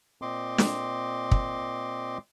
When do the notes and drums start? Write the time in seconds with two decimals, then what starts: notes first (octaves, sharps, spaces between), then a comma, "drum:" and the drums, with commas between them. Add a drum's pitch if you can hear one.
0.22 A#2 C4 D#5 C6 D6
0.58 drum: snare
1.31 drum: kick